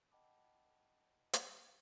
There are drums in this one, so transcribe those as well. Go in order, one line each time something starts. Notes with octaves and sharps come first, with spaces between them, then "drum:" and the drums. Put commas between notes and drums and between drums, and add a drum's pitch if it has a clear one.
D#5 F#5 G5 A5 B5 D6
drum: hi-hat